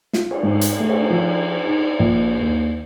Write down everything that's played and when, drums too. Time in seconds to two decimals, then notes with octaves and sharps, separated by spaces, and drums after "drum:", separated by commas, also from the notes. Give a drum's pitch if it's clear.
0.13 F4, drum: snare
0.31 drum: cymbal
0.43 G#2
0.61 drum: hi-hat
0.80 A3
0.89 drum: cymbal
1.10 F3
1.66 D#4
1.99 A#1
2.40 D#2